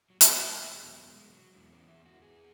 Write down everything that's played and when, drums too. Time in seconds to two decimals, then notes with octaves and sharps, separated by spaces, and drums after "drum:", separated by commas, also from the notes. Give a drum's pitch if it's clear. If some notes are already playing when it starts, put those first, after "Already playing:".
0.10 F#3
0.21 E2 B2 G#3, drum: hi-hat
0.44 B3
0.57 B3
0.66 G#3
0.88 F#3
1.10 G#3
1.33 F#3
1.55 E2 E3 G#3
1.72 C#4
1.88 E4
2.05 F#4
2.22 G#4